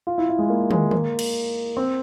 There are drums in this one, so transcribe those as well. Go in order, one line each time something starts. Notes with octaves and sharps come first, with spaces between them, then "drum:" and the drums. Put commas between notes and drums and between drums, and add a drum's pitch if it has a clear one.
F4
E4
E4
G#3
A#3
G#3, drum: tom
A#3, drum: tom
drum: cymbal
C4